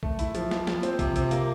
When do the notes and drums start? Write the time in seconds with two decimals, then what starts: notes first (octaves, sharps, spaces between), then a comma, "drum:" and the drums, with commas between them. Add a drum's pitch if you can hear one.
0.03 A3, drum: kick A#1
0.19 E4, drum: hi-hat
0.35 F3, drum: hi-hat
0.51 F3, drum: snare
0.67 F3, drum: snare
0.83 C4, drum: hi-hat
0.99 C3, drum: kick A#1, hi-hat
1.16 C3, drum: hi-hat
1.31 A#3, drum: hi-hat